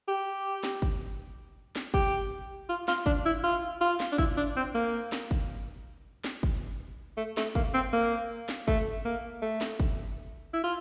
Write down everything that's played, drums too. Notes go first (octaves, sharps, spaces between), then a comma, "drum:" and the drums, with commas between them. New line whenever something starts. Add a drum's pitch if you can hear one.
G4
drum: snare
drum: kick
drum: snare
G4, drum: kick
F4
F4, drum: snare
D4, drum: kick
E4
F4
F4
drum: snare
D4
E4, drum: kick
D4
C4
A#3
drum: snare
drum: kick
drum: snare
drum: kick
A3
A3, drum: snare
A#3, drum: kick
C4
A#3
drum: snare
A3, drum: kick
A#3
A3
drum: snare
drum: kick
E4
F4